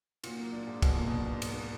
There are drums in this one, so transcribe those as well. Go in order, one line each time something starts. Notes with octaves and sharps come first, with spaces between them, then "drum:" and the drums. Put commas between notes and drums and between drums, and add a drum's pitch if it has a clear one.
A#2 F#3, drum: cymbal
A#3
D4
G#2
B2 F#3, drum: kick, cymbal
A#2 A#3
B2 D4
G#2
F#3, drum: cymbal
A#3